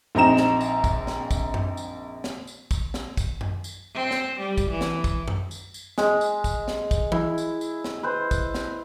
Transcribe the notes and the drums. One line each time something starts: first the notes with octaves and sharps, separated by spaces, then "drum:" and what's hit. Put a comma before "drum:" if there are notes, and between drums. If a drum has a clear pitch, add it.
A#1 C4 D#4 A#5 E7
drum: snare
drum: tambourine
drum: kick, tambourine
drum: snare
drum: kick, tambourine
drum: tom F#2
drum: tambourine
drum: snare
drum: tambourine
drum: kick, tambourine
drum: snare
drum: kick, tambourine
drum: tom F#2
drum: tambourine
C4
drum: snare
G3
drum: kick, tambourine
E3
drum: snare
drum: kick, tambourine
drum: tom F#2
drum: tambourine
drum: tambourine
G#3, drum: snare
drum: tambourine
drum: kick, tambourine
drum: snare
drum: kick, tambourine
E4, drum: tom E3
drum: tambourine
drum: tambourine
drum: snare
B4 C5
drum: kick, tambourine
drum: snare